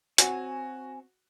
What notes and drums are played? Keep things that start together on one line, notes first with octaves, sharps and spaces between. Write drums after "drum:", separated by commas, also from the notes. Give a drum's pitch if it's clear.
C4 F#4 C#5 G#5, drum: hi-hat